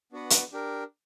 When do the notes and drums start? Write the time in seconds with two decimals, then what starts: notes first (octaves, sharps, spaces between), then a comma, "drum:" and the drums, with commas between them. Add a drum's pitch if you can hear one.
0.12 B3 D4 F#4 B4 F#5
0.30 drum: hi-hat
0.52 D4 G4 A#4